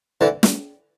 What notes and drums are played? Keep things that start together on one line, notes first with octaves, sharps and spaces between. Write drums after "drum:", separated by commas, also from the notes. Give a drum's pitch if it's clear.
D3 E3
drum: snare